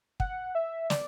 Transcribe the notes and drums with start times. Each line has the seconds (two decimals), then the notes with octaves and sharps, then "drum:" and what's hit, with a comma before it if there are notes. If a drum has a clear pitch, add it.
0.20 F#5, drum: kick
0.55 E5
0.90 D5, drum: snare